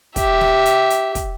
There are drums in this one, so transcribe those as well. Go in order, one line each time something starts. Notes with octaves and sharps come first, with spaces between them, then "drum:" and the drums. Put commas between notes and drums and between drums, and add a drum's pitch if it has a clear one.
G4 E5, drum: kick, hi-hat
drum: snare
drum: hi-hat
drum: hi-hat
drum: kick, hi-hat